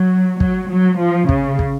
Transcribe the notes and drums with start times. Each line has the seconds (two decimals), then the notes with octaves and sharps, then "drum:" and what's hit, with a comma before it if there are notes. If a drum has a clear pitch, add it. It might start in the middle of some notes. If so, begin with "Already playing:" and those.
Already playing: F#3
0.40 F#3, drum: kick
0.70 F#3
0.99 F3
1.29 C#3, drum: kick
1.59 drum: kick